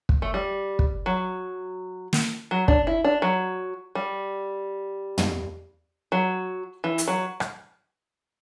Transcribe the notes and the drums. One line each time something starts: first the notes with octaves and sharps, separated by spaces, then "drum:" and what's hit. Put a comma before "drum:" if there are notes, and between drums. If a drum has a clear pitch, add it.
drum: kick
A3
G3
drum: kick
F#3
drum: snare
F#3
D4, drum: kick
E4
D4
F#3
G3
drum: tom
F#3
E3
drum: hi-hat
F#3
drum: rim click